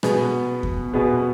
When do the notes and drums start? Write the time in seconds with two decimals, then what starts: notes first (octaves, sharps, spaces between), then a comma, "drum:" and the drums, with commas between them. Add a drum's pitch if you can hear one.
0.03 B2 B3 G#4, drum: rim click
0.63 drum: kick E2
0.93 B2 B3 G#4